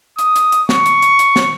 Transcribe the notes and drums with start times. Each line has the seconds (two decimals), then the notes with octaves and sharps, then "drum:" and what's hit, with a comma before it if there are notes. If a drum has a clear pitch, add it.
0.19 D#6, drum: hi-hat
0.36 drum: hi-hat
0.52 drum: hi-hat
0.69 C#6, drum: snare
0.86 drum: hi-hat
1.02 drum: hi-hat
1.19 drum: hi-hat
1.36 drum: snare